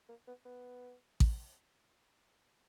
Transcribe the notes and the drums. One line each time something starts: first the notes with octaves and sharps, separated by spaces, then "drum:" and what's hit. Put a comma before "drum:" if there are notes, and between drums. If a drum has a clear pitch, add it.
A#3
B3
B3
drum: kick A1